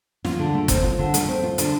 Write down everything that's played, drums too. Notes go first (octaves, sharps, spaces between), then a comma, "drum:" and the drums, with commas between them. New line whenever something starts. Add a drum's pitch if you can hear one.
F4, drum: snare
D3
A3
C4, drum: kick, hi-hat
F4
D3
A3, drum: hi-hat
C4
F4
D3, drum: hi-hat